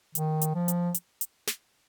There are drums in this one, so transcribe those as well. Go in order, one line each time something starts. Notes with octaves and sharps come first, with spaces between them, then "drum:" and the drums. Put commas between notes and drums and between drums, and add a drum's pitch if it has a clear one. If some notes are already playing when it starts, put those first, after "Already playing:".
D#3, drum: hi-hat
drum: hi-hat
F3
drum: hi-hat
drum: hi-hat
drum: hi-hat
drum: snare